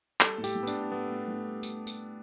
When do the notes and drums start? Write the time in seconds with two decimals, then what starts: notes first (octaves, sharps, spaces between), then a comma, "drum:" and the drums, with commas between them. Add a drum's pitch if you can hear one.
0.20 G3 A4, drum: clap
0.38 A2
0.44 G4, drum: tambourine
0.55 A2
0.63 B3
0.67 D4, drum: tambourine
0.73 A2
0.92 A2 B3
1.09 A2
1.28 A2
1.45 G3
1.63 drum: tambourine
1.87 drum: tambourine